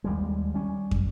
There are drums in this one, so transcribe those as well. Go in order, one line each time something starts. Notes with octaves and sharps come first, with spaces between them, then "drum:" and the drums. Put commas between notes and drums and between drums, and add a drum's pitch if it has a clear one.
D#2 G3 G#3
G3 C#4
drum: kick